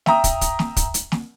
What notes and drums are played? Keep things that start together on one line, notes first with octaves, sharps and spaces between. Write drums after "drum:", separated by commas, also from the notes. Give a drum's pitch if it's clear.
E5 G5 A#5 D#6, drum: snare
drum: kick, hi-hat
drum: kick, hi-hat
drum: snare
drum: kick, hi-hat
drum: hi-hat
drum: snare